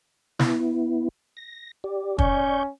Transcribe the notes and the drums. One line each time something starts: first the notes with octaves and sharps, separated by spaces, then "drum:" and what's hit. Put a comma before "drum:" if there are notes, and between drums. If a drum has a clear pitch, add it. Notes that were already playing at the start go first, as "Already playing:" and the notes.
B3 E4, drum: snare
A#6
G4 D5
C#4 D5 C#6 G6, drum: kick